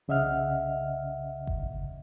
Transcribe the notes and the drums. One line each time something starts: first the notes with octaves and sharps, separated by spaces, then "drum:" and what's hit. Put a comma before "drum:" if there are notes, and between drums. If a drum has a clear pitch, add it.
C2 C#3 D#5 E5 F#5 F6
drum: kick G1